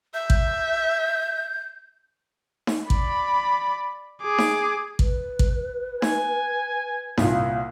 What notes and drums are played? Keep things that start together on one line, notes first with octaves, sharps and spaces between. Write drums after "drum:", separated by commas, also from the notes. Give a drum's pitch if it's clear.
E5 G6
drum: kick
drum: snare D#4
D5 B5, drum: kick
G#4 D6
drum: snare D#4
B4, drum: kick
drum: kick
G#5, drum: snare D#4
C2 A#2 F5, drum: snare D#4